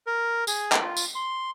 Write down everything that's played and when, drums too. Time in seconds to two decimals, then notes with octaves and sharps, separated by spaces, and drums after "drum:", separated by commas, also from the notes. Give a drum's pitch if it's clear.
0.07 A#4
0.47 G#4, drum: tambourine
0.72 drum: clap
0.82 F4
0.97 drum: tambourine
1.15 C6